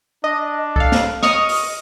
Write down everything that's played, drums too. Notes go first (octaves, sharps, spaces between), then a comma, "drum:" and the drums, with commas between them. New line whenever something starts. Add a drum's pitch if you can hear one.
D4 D#5
A4 F5, drum: kick C2
drum: snare
D#5 C#6 D#6 F6, drum: snare
drum: open hi-hat